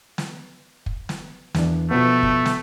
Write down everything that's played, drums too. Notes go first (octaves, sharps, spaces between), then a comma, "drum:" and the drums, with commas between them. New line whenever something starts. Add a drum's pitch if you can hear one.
drum: snare
drum: kick
drum: snare
E2 E3 D4, drum: snare
B2 F3 A3 B3
drum: kick
drum: snare